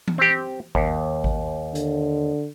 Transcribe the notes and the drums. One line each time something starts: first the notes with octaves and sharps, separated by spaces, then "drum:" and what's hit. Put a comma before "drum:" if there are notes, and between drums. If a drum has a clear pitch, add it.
drum: tom E3
C4 G4
D#2, drum: kick G#1
drum: kick G#1
D3, drum: hi-hat